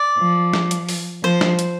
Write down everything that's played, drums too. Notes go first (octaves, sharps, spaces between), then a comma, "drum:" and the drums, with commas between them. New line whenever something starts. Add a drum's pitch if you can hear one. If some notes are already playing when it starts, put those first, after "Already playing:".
Already playing: D5
F3
drum: snare
drum: hi-hat
drum: open hi-hat
F3 C5
drum: snare
drum: hi-hat